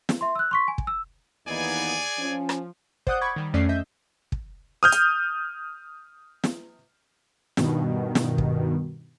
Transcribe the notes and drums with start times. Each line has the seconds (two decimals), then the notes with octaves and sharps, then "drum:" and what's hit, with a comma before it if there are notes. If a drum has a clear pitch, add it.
0.09 drum: snare
0.21 E5 C6
0.35 E6 F#6
0.51 C6 C#6 B6
0.68 G#5
0.78 drum: kick
0.87 E6
1.47 D#2 E3 B3 D#4 G#4 D5 G#5
2.19 F3 C#4
2.49 drum: rim click
3.07 C5 D5 F#5 D#6 F#6 G6, drum: kick
3.21 B5 C#6 D6 G#6
3.36 D#3 G3
3.54 F2 A3 C#4 D5 C7
3.69 D#5 E5 G6
4.32 drum: kick
4.83 D#6 F6 G6
4.92 drum: hi-hat
6.44 drum: snare
7.57 G2 B2 D#3, drum: snare
8.15 drum: snare
8.38 drum: kick